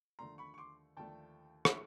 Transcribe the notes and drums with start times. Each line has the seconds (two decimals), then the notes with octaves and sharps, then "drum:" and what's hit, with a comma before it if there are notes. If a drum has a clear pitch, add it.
0.19 D#2 D3 F3 A3 D4 A#5 C6
0.38 B5 C#6
0.54 C#6
0.58 C6 D6
0.97 D#2 D3 F3 A3 D4 G5 A5
1.65 E5, drum: rim click